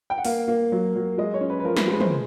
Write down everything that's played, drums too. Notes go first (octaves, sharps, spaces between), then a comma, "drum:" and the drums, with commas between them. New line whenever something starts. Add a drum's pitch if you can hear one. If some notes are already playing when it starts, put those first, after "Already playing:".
G5
F#5
A#3 F5, drum: open hi-hat
A#3
F#3
F#3
G#3 D#5
C#5
C#4
B4
B4
F3 A#4
B4, drum: snare
G#3
B4
C5, drum: tom